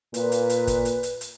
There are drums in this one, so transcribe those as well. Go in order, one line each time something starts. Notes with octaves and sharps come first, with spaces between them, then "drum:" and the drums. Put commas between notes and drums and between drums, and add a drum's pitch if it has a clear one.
A#2 B4, drum: hi-hat
drum: hi-hat
drum: hi-hat
drum: kick, hi-hat
drum: hi-hat
drum: hi-hat
drum: hi-hat